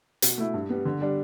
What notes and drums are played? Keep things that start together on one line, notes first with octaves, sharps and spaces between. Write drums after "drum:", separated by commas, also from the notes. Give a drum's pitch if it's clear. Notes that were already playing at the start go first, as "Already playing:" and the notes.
B2, drum: hi-hat
A3 E4
G2
G3 B3
D3
G3 D4